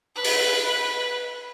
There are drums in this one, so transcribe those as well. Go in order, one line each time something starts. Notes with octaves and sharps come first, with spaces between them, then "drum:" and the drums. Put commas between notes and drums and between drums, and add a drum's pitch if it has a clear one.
B4
drum: open hi-hat